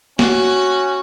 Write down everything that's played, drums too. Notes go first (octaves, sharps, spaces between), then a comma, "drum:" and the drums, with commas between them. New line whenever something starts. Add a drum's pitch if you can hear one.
C#4 F#4, drum: snare